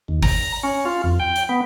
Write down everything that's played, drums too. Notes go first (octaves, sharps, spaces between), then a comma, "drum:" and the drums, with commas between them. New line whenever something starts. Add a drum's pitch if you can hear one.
D#2
A#5, drum: kick G1, open hi-hat
C#4
F4
F2
G5
drum: hi-hat
B3